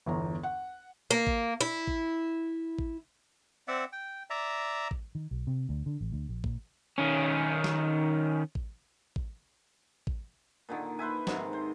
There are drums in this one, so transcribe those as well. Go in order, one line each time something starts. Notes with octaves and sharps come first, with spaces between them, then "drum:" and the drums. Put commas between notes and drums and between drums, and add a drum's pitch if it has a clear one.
G1 E2 A#5
F#5
A#3
drum: kick A1
E4
drum: kick A1
drum: kick A1
C4 D5 E5 F#5
G5
D5 E5 A#5
drum: kick A1
D#3
B1
C3
D2
D3
A1
D2
A#1
A#2, drum: kick A1
D#3 C#4
drum: snare
drum: kick A1
drum: kick A1
drum: kick A1
A#2 D3 D#3
B4 C5 E5 G#5
G#2 C3 D#3, drum: snare
C5